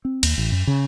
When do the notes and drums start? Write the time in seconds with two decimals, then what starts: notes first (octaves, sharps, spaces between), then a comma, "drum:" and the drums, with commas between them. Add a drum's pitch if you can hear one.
0.05 C4
0.23 D#2, drum: cymbal
0.38 A1
0.52 F#2
0.67 C#3